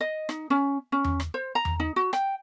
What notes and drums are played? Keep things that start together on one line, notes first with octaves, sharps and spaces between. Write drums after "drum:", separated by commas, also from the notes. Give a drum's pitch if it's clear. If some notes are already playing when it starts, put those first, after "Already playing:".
D#5
D#4, drum: rim click
C#4
C#4
drum: tom E2
drum: rim click
C5
A#5
drum: tom E2
D#4
F#4
G5, drum: rim click